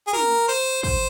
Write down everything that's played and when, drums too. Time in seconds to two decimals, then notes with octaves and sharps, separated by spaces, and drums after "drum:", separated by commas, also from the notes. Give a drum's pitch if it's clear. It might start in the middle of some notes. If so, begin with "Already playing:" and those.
0.07 G#4
0.13 A#4, drum: tom
0.48 C5
0.83 C5, drum: kick